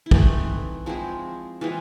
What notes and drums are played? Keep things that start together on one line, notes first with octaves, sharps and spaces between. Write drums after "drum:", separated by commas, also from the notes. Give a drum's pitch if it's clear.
E4
E3 A3 C4 D#4, drum: kick
F3 G#3 C4 E4
E3 G#3 C4 F4